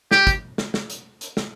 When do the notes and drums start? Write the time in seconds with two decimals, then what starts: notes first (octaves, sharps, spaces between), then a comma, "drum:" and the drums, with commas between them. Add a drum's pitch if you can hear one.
0.11 G4, drum: snare
0.27 drum: kick, hi-hat
0.58 drum: snare
0.74 drum: snare
0.90 drum: hi-hat
1.21 drum: hi-hat
1.37 drum: snare